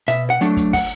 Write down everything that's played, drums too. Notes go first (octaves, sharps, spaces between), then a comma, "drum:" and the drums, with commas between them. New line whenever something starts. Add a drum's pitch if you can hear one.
B2 E5, drum: hi-hat
F#5
F#3 A3 D4, drum: hi-hat
drum: kick, hi-hat
F#5, drum: kick, open hi-hat